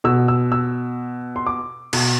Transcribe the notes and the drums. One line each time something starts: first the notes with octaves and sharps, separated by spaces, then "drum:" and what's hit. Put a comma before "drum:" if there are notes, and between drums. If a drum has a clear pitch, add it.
B2 E6
E6
E6
C6
D6
B2, drum: cymbal